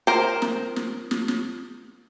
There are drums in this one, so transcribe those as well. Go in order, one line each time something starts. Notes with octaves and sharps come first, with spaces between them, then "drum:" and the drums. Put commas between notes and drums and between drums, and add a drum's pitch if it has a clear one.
A#4 C5
drum: snare
drum: snare
drum: snare
drum: snare